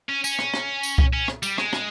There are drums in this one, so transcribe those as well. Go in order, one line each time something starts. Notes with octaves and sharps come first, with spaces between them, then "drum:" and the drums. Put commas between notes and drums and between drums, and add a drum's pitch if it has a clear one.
C#4
C#4, drum: tambourine
drum: rim click
drum: rim click
drum: tambourine
drum: kick C2
C#4
drum: rim click
G3, drum: tambourine
G#3, drum: rim click
drum: rim click